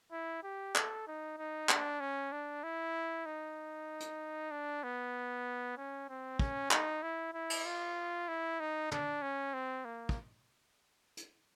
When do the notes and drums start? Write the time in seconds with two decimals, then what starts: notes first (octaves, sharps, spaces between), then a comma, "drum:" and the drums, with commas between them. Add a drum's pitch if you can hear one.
0.12 E4
0.43 G4
0.75 A4, drum: clap
1.07 D#4
1.37 D#4
1.69 D4, drum: clap
2.00 C#4
2.32 D4
2.63 E4
3.26 D#4
4.00 drum: hi-hat
4.51 D4
4.84 B3
5.77 C#4
6.09 C4
6.39 C#4, drum: kick
6.71 D#4, drum: clap
7.03 E4
7.34 E4
7.50 drum: cymbal
7.65 F4
8.28 E4
8.60 D#4
8.91 D4, drum: tom
9.22 C#4
9.54 C4
9.85 A#3
10.09 drum: kick
11.17 drum: hi-hat